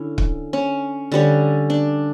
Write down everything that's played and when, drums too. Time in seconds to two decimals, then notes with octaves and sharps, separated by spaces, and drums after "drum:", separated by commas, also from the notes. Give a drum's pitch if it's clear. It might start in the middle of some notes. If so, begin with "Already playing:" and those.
Already playing: D3 C#4 E4
0.18 drum: kick
0.53 C#4
1.12 D3 G3 C#4
1.70 D4